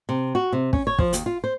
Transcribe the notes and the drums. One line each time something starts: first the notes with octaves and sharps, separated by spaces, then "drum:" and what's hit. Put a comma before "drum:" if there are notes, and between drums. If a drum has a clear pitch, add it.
C3
F#4
C3
C#4, drum: kick
C#5
F3, drum: kick
D#2, drum: hi-hat
F4
C5